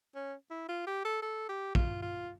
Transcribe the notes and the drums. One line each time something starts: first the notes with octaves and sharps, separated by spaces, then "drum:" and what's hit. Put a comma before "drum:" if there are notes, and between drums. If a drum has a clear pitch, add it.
C#4
E4
F4
G4
A4
A4
G4
F4, drum: kick
F4